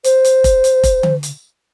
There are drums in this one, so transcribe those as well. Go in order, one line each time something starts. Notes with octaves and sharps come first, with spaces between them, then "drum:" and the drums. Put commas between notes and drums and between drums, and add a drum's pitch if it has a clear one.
C5, drum: hi-hat
drum: hi-hat
drum: kick F1, hi-hat
drum: hi-hat
drum: kick F1, hi-hat
drum: tom D3
drum: hi-hat